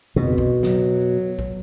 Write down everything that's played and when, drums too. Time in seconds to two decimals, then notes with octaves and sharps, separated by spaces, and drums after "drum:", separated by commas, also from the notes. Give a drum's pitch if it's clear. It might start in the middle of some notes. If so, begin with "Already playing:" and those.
0.16 F2 B2
0.38 drum: kick
0.63 F#3, drum: snare
1.39 drum: kick